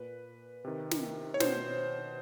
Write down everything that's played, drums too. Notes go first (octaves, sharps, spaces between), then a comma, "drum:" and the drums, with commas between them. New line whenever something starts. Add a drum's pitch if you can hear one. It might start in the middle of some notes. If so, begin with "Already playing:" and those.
Already playing: A#2 B4
C3 D#3
drum: snare
C#5
B2 C5, drum: snare